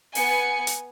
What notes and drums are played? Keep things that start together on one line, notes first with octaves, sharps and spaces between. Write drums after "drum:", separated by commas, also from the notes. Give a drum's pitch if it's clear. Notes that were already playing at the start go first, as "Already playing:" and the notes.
B3 G#5 C#7, drum: open hi-hat
drum: hi-hat